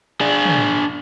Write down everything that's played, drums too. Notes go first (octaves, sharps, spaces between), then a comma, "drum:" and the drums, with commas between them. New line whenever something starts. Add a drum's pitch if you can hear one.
D4 G#4
drum: tom